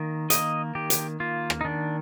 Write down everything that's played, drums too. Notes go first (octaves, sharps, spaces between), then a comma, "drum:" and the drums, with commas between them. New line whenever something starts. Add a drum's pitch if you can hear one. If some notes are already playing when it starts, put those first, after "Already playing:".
Already playing: D#3 A#3
A#3 D#5, drum: hi-hat
D#3 G4
drum: hi-hat
A#3 F4
drum: rim click
D#4
D#3 D4